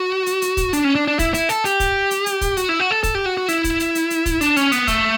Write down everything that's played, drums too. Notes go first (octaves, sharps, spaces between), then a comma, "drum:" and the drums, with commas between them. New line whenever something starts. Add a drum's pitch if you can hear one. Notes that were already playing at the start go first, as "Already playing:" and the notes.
Already playing: F#4
drum: hi-hat
drum: hi-hat
drum: kick, hi-hat
D4, drum: hi-hat
C#4
D4
D4
E4, drum: kick, hi-hat
E4, drum: hi-hat
A4, drum: hi-hat
G4, drum: hi-hat
drum: kick, hi-hat
drum: hi-hat
drum: hi-hat
drum: kick, hi-hat
F#4, drum: hi-hat
E4
F#4
A4
A4, drum: kick, hi-hat
G4
F#4
F#4
E4, drum: hi-hat
drum: kick, hi-hat
drum: hi-hat
drum: hi-hat
drum: hi-hat
drum: kick, hi-hat
D4, drum: hi-hat
C#4, drum: hi-hat
B3, drum: hi-hat
A3, drum: kick, hi-hat